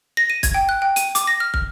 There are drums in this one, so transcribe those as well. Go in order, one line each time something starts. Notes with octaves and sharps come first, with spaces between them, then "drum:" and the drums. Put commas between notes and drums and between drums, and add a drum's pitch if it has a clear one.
A#6
D#7
G#6, drum: kick, hi-hat
G5
F#6
G5
D#7, drum: hi-hat
D6, drum: hi-hat
A#6
F6
F6, drum: kick